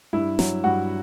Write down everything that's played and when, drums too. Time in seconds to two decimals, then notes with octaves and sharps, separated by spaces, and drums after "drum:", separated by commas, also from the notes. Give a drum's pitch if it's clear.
0.13 G2 E4
0.39 F#3, drum: snare
0.64 G2 F#4